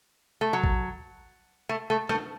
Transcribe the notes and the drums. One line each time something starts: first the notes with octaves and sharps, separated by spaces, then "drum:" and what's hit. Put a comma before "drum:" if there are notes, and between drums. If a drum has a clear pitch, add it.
A3
F#3
drum: kick
A3
A3
A3, drum: rim click